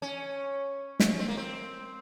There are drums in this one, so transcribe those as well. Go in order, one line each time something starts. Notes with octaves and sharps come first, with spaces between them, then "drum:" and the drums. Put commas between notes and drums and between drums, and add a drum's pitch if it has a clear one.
C#4
drum: snare
C4
A#3
C4